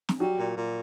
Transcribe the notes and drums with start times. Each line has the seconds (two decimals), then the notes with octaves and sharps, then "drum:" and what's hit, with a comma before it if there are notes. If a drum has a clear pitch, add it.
0.09 drum: snare
0.20 F#3 G3
0.38 A#2
0.56 A#2